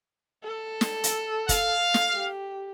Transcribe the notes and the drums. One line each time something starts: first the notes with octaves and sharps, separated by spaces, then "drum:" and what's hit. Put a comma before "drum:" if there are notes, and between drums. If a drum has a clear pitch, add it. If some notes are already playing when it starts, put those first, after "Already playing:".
A4
drum: snare
drum: hi-hat
F5, drum: kick, hi-hat
drum: snare
G4